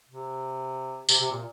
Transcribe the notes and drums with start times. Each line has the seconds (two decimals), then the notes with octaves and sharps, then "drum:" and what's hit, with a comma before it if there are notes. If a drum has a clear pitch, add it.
0.09 C3
1.09 C3, drum: tambourine
1.20 C3
1.31 A#2